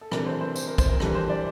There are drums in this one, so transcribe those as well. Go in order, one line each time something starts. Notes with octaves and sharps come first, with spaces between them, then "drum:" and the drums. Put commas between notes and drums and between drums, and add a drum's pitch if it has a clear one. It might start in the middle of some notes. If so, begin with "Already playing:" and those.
A4
C3 E3 A3 D4 A#4, drum: rim click
C5
C5
C5, drum: tambourine
A#4
C5, drum: kick, tambourine
A#4
E3 G3 D4 A4, drum: rim click
C5
D5